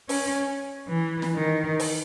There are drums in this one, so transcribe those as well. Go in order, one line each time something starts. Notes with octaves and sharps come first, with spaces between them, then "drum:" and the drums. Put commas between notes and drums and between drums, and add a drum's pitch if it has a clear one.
C#4, drum: open hi-hat
E3
drum: snare
D#3
drum: open hi-hat